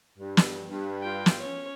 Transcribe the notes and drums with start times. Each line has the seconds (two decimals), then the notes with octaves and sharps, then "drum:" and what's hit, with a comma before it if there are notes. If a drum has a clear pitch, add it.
0.18 G2
0.37 drum: snare
0.69 G2
1.02 F4 G5
1.26 drum: snare
1.39 C#4 C#5